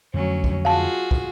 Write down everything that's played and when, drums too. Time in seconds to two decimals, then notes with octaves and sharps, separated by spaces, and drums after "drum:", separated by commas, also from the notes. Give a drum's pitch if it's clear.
0.14 F2 D3 F#3 A3 C#4
0.44 drum: kick
0.65 F4 F#4 G#4 F5 A5
1.11 drum: kick